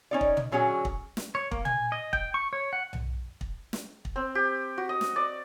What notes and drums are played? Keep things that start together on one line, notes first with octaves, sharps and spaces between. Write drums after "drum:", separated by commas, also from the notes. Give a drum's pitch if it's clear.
C#4 D#4 D5
drum: kick
drum: tom
D3 F#3 C#4 F#4 G#4
drum: kick
drum: snare
C#5
A#3, drum: kick
G#5, drum: tom
D#5
G5, drum: kick
C#6
C#5
F#5
drum: tom B1
drum: kick
drum: snare
drum: kick
C4
G4
F#4
D#5
drum: snare
D5